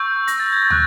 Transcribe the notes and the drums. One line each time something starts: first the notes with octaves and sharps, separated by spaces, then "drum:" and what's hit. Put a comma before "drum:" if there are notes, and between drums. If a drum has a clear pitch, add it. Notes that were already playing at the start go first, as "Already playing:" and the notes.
Already playing: C#6 E6 G6
A#6, drum: hi-hat
A6
G#6
A6
C#6 F#6, drum: tom